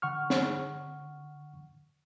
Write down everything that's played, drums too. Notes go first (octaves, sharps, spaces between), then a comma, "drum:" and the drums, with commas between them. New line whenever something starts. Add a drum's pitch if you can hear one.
D3 F#5 C#6 F6
drum: snare